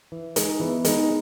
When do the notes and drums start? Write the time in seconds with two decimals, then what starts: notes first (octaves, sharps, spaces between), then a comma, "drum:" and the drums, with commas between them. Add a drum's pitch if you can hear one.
0.12 E3
0.36 G#3 D#4, drum: hi-hat
0.60 E3 B3
0.85 G#3 D#4, drum: hi-hat